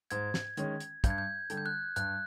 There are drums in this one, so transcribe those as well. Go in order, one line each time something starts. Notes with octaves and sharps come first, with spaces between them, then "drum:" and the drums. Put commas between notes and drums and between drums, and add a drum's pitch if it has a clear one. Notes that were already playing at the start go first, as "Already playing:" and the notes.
G#2 G#6, drum: hi-hat
drum: snare
D#3 G#3 C#4, drum: hi-hat
drum: hi-hat
G2 G6, drum: kick, hi-hat
G#6
G6
D3 G3, drum: hi-hat
G6
F#6
G2 F#6, drum: hi-hat